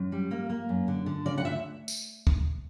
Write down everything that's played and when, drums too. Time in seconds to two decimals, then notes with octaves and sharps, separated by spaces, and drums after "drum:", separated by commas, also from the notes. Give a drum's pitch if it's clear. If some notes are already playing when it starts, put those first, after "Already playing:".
Already playing: F#2
0.12 G3
0.31 A#3
0.50 A#3
0.69 F#2
0.88 D3
1.06 D3
1.25 C#3 D5
1.38 F#5
1.45 D2 E5
1.88 drum: tambourine
2.27 drum: kick